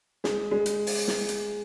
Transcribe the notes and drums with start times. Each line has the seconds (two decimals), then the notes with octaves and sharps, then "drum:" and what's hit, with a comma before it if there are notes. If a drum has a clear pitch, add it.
0.24 G#3, drum: snare
0.51 G#3
0.66 drum: hi-hat
0.87 drum: open hi-hat
1.08 drum: snare
1.29 drum: hi-hat